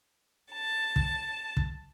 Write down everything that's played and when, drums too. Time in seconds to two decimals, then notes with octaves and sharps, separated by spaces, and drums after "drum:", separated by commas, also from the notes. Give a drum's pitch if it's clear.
0.50 A5
0.96 drum: kick
1.57 drum: kick